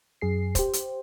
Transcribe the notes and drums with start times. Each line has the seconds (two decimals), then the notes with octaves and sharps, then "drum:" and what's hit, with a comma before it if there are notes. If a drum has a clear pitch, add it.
0.21 F#2 G#4 C7
0.55 G4 C5, drum: kick, hi-hat
0.73 drum: hi-hat